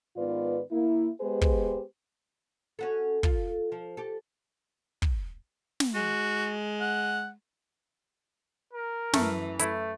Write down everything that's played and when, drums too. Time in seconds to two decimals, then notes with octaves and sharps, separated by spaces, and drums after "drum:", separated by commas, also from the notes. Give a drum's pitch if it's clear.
0.16 G#2 D#3 B3 F4 B4 D5
0.71 A#3 E4
1.20 G#3 B3 G4 G#4 B4 C5
1.41 drum: kick
2.79 C#4 F#4 A4
3.23 F4 A4, drum: kick
3.72 F3
3.97 G4 A4
5.02 drum: kick
5.80 drum: snare
5.95 G#3 F#4
6.81 F#5
8.73 A#4
9.13 F#2 E3 A3, drum: snare
9.59 A3 E4, drum: hi-hat